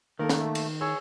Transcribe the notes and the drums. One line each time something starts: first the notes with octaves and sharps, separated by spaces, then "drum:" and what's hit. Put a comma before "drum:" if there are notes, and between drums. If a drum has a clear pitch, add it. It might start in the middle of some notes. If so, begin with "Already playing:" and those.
D#3 A#3 A4 A#4
drum: snare
A3
drum: cymbal
G#4 C#5 E6